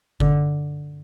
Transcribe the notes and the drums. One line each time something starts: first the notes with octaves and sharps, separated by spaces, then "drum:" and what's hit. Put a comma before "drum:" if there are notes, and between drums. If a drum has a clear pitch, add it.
D3, drum: kick G1